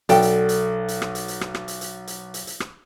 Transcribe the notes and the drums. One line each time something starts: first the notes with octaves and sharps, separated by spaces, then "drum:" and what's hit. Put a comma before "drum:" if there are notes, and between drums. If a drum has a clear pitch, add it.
B1 A4 D5 G5, drum: hi-hat
drum: hi-hat
drum: hi-hat
drum: hi-hat
drum: rim click
drum: hi-hat
drum: hi-hat
drum: rim click
drum: rim click
drum: hi-hat
drum: hi-hat
drum: hi-hat
drum: hi-hat
drum: hi-hat
drum: rim click